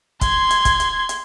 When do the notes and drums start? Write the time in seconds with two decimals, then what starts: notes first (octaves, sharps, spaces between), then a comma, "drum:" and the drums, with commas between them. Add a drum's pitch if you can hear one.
0.21 C6 G#6, drum: kick, hi-hat
0.51 drum: hi-hat
0.65 drum: kick, hi-hat
0.80 drum: hi-hat
1.09 drum: hi-hat